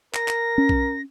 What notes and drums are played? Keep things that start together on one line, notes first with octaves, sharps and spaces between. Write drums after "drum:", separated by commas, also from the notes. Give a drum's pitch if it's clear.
A#4 A#6, drum: clap
drum: clap
C#4
drum: kick B1